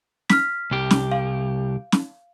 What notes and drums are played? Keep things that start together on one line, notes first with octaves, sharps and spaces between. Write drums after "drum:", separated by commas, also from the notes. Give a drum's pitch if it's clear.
F6 B6, drum: snare
C2 G4
drum: snare
F5
drum: snare